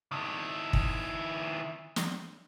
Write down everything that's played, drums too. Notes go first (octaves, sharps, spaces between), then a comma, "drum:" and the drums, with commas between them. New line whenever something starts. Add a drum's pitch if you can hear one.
D#3 E4
drum: kick
drum: snare